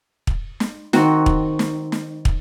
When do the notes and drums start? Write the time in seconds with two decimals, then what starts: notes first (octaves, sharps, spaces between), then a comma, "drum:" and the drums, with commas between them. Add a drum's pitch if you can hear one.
0.27 drum: kick
0.60 drum: snare
0.93 D#3 C4 F#4, drum: snare
1.26 drum: kick
1.59 drum: snare
1.92 drum: snare
2.25 drum: kick